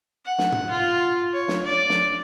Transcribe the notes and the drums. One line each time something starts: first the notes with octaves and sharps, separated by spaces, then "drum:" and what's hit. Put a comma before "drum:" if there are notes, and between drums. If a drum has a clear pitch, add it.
F#5
drum: snare
drum: tom
F4
C#5
drum: snare
D5
drum: snare